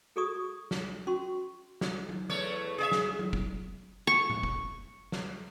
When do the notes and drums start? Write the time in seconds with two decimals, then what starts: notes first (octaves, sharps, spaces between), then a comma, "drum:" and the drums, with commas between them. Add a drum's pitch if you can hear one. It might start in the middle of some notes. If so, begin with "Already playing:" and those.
0.16 F#4 G#4 A4 D5 C#6 D#6
0.71 drum: snare
1.07 C#4 F#4 C6 C#6
1.81 drum: snare
2.09 drum: tom F#3
2.29 E2 A3 C#5
2.78 G#4 D5 E5
2.92 drum: snare
3.19 drum: tom F#3
3.33 drum: kick
4.07 C#6
4.30 drum: tom A2
4.43 drum: kick
5.12 drum: snare